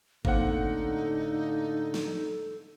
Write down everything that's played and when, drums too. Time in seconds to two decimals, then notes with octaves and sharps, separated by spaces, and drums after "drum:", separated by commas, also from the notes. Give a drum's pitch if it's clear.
0.25 A2 D3 A#3 C4 D#4 A4 F#5, drum: kick G1
1.94 drum: snare